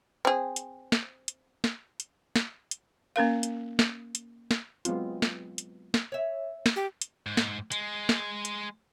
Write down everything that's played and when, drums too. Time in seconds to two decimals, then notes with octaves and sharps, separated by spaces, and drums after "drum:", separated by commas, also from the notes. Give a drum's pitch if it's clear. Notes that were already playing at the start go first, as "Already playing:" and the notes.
0.25 C4 G#4
0.56 drum: hi-hat
0.92 drum: snare
1.28 drum: hi-hat
1.64 drum: snare
2.00 drum: hi-hat
2.36 drum: snare
2.71 drum: hi-hat
3.16 A#3 C#4 A#4 F5
3.43 drum: hi-hat
3.79 drum: snare
4.15 drum: hi-hat
4.51 drum: snare
4.85 F#3 G#3 B3 C4 F4, drum: hi-hat
5.22 drum: snare
5.58 drum: hi-hat
5.94 drum: snare
6.12 C#5 E5
6.66 drum: snare
6.76 G4
7.02 drum: hi-hat
7.26 G#2
7.37 drum: snare
7.72 G#3, drum: hi-hat
8.09 drum: snare
8.45 drum: hi-hat